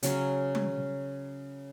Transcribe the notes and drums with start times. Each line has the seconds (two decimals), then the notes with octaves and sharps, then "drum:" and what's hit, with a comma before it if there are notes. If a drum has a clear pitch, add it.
0.03 C#3 F#3 C#4, drum: hi-hat
0.55 drum: tom